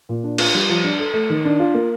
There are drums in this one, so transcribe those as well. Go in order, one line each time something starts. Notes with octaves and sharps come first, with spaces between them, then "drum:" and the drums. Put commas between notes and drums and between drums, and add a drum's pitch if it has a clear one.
A#2
D4
F4, drum: cymbal
G3
F3
D4
A4
A3
D#3
D4
F4
A#3